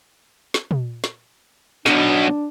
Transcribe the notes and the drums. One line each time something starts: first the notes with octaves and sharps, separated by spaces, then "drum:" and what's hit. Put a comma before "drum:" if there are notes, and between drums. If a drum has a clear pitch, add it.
drum: snare
drum: tom
drum: snare
B1 B2 D4, drum: snare